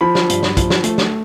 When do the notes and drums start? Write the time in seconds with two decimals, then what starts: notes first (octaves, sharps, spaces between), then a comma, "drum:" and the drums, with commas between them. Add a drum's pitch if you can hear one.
0.01 F3 B5
0.15 drum: snare
0.30 G2, drum: hi-hat
0.43 drum: snare
0.57 F3, drum: kick, hi-hat
0.70 drum: snare
0.84 A3, drum: hi-hat
0.98 drum: snare